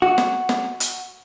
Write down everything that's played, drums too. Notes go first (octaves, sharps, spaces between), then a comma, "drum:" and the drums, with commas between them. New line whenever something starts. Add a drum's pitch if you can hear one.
F#4
drum: snare
drum: snare
drum: hi-hat